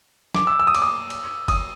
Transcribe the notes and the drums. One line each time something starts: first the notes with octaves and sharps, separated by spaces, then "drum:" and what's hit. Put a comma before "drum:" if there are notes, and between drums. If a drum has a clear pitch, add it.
D6, drum: snare
E6
E6
D#6
D6, drum: cymbal
D#6
drum: cymbal
D#6, drum: kick G1, cymbal